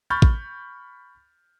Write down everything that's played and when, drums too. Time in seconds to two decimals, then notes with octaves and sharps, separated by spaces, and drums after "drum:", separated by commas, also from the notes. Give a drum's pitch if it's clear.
0.10 B5 C#6 F6 G6 A6
0.22 drum: kick